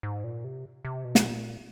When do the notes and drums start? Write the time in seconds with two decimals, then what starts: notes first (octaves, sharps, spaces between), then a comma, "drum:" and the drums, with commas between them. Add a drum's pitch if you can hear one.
0.03 G#2
0.24 A#2
0.44 C3
0.85 C3
1.05 B2
1.15 drum: snare
1.25 A#2